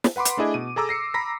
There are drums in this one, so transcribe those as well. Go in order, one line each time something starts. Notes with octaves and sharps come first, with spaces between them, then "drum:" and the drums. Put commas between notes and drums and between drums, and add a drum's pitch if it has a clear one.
drum: snare
B4 F#5 B5 C6 D6
drum: hi-hat
A3 D4 E4 G#4 D#5
B2 D#7
G#4 A4 A#5 D6 E6
A#6 C7 C#7
A#5 B5 A#6 B6